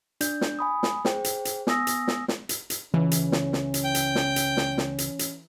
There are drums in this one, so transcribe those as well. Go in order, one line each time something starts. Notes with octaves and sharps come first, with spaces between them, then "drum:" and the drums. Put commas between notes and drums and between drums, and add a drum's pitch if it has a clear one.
D4 D5 G6, drum: hi-hat
drum: snare
G#5 B5 D#6
drum: snare
G#4 C5 G5, drum: snare
drum: hi-hat
drum: hi-hat
B3 G#5 D#6 E6 A#6, drum: snare
drum: hi-hat
drum: snare
drum: snare
drum: hi-hat
drum: hi-hat
C#2 E3 C#4
drum: hi-hat
drum: snare
drum: snare
drum: hi-hat
G5
drum: hi-hat
drum: snare
drum: hi-hat
drum: snare
drum: snare
drum: hi-hat
drum: hi-hat